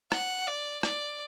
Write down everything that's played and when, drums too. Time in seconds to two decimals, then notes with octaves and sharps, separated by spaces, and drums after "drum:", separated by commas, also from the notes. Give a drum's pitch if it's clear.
0.12 F#5, drum: rim click
0.47 D5
0.83 D5, drum: rim click